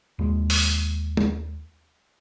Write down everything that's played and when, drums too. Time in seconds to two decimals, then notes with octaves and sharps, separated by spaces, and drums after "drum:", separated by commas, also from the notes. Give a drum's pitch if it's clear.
0.19 D#2 G#3
0.50 drum: open hi-hat
1.17 drum: tom